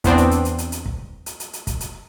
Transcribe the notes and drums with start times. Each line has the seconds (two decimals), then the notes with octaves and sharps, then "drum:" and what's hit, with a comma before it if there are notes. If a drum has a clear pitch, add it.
0.04 E2 B3 C4 D4, drum: kick, hi-hat
0.18 drum: hi-hat
0.31 drum: hi-hat
0.45 drum: hi-hat
0.58 drum: hi-hat
0.72 drum: hi-hat
0.86 drum: kick
1.26 drum: hi-hat
1.40 drum: hi-hat
1.53 drum: hi-hat
1.67 drum: kick, hi-hat
1.80 drum: hi-hat